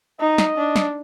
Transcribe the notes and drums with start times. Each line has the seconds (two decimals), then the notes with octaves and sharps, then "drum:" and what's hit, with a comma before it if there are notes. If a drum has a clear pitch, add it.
0.20 D#4 D#5
0.38 drum: snare
0.58 D4
0.76 drum: snare